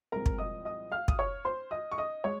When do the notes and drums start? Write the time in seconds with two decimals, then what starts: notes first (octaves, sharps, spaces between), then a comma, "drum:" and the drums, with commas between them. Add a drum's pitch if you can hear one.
0.12 C2 A#2 F3 G#3 C4 A#4 A#5
0.26 drum: kick
0.38 D#5 D#6
0.65 D#5 D#6
0.92 F5 F6
1.08 D#6, drum: kick
1.19 C#5 C#6
1.45 C5 C6
1.71 D#5 D#6
1.92 C#6
1.98 D#5 D#6
2.24 G#3 C#5 C#6